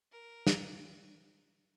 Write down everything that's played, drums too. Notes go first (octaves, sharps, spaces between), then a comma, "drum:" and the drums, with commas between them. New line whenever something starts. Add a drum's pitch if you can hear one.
A#4
drum: snare